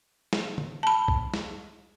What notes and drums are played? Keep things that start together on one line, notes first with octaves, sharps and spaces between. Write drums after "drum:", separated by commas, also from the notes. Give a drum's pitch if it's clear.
drum: snare
drum: tom
A5 B5
drum: kick B1
drum: snare